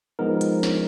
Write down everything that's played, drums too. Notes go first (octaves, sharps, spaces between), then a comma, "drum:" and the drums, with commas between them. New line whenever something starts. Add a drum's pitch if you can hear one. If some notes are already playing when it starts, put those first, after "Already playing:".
F3 G#3 B3 D#4 A#4
drum: hi-hat
drum: snare